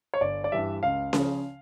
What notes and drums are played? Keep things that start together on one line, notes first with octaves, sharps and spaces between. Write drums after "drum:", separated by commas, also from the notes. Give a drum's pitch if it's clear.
C#5
G1 D5
D5
G2 E3 G3 E5
C#2 F5
C#3 F3, drum: snare C#4